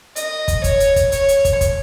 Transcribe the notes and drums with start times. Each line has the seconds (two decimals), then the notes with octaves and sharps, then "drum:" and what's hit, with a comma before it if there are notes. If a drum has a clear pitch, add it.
0.16 D#5, drum: hi-hat
0.48 drum: kick, hi-hat
0.64 C#5, drum: kick, hi-hat
0.80 drum: hi-hat
0.96 drum: kick, hi-hat
1.12 C#5, drum: hi-hat
1.29 drum: hi-hat
1.45 drum: kick, hi-hat
1.61 drum: kick, hi-hat